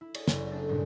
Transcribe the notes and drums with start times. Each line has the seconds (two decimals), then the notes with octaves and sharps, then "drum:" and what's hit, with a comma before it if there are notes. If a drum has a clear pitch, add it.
0.01 E4
0.15 G#4 C#5 D5, drum: cymbal
0.28 F#1 E4, drum: snare
0.51 A3 C4 D4 G#4
0.69 G2 A#2 C#3 G3 G#3 D4